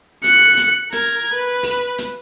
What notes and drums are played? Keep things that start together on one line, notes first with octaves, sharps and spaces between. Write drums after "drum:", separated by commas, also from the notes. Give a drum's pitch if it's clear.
F#6 C#7, drum: hi-hat
drum: hi-hat
A#4 G#6, drum: hi-hat
B4
drum: open hi-hat
drum: hi-hat